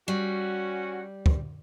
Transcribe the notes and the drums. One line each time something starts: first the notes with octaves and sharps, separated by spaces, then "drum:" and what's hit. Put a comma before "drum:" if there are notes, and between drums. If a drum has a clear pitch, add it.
G3 C#4 F#4
drum: kick